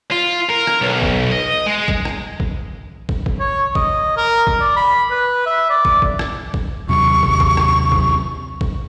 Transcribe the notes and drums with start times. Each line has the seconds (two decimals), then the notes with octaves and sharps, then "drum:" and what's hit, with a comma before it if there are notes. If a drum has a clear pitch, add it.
0.12 F4
0.50 A#4
0.67 drum: rim click
0.81 B1
1.02 drum: kick
1.32 D#5
1.67 G#3
1.88 drum: kick
2.05 drum: rim click
2.40 drum: kick
3.09 drum: kick
3.26 drum: kick
3.40 C#5
3.75 D#5, drum: kick
4.17 A#4
4.47 drum: kick
4.60 D5
4.77 B5
5.11 B4
5.46 E5
5.70 D5
5.85 drum: kick
6.02 drum: kick
6.19 drum: rim click
6.54 drum: kick
6.88 D#2 C3 F#3 C#6
7.23 drum: kick
7.40 drum: kick
7.57 drum: rim click
7.92 drum: kick
8.61 drum: kick